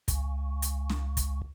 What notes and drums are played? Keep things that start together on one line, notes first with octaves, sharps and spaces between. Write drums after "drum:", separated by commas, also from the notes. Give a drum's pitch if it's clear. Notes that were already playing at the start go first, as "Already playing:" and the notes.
C#2, drum: kick, hi-hat
drum: hi-hat
drum: snare
drum: kick, hi-hat